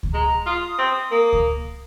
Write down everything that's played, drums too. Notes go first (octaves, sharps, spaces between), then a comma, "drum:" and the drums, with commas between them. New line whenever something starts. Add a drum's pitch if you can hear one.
drum: kick C#2
G#3 A#5
F4 D#6
C4
A#3
drum: kick C#2